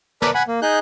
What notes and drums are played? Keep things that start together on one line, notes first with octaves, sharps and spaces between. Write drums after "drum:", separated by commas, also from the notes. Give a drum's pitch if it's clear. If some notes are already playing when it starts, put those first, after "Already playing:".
A#4 B4 D5 A5 B5, drum: snare
F#5 G#5 B5
A#3
D#4 G#4 F#6 G6